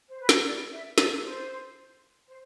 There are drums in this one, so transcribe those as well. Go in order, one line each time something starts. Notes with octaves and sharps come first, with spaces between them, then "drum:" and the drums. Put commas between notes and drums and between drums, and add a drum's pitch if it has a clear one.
C5
B4
drum: snare
D5
E5
D5, drum: snare
C5
C5